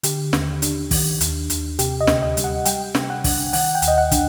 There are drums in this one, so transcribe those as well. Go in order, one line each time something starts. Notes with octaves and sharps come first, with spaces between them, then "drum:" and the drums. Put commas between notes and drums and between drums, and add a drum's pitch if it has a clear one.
D3 G4, drum: hi-hat
D#2, drum: snare
D4, drum: hi-hat
D#3, drum: kick, open hi-hat
D#2, drum: hi-hat
D#2, drum: hi-hat
C3 G4, drum: hi-hat
D#5
D2, drum: snare
D#5
G3, drum: hi-hat
F#5
G3 G5, drum: hi-hat
C3, drum: snare
F#5
D4, drum: kick, open hi-hat
D#3 F#5, drum: open hi-hat
G5
D#2, drum: hi-hat
D#5
F#5
D4, drum: kick, hi-hat